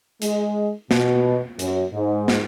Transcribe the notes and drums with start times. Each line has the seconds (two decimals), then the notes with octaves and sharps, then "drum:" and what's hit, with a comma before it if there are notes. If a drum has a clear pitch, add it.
0.22 G#3, drum: hi-hat
0.91 B2, drum: snare
1.59 F#2, drum: hi-hat
1.93 G#2
2.28 drum: snare